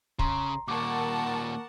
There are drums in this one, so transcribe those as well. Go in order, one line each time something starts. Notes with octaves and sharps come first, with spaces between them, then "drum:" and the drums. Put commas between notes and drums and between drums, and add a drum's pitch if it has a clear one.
C#3 A#5 C6, drum: kick
D#2 A#2 A#4 F#5 A5 C#6 D6